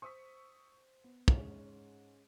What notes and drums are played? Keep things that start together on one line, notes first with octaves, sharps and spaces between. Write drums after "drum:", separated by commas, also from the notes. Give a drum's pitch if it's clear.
C5 C#6 D#6 E6 B6
B3
G#2 G#3 C#4, drum: kick